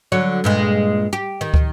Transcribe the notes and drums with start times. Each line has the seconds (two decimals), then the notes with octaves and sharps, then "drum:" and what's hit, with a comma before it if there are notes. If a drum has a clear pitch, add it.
0.12 D3 F#3 C#5
0.44 G2 A#2 G#3
1.13 G4
1.41 D#3
1.54 drum: kick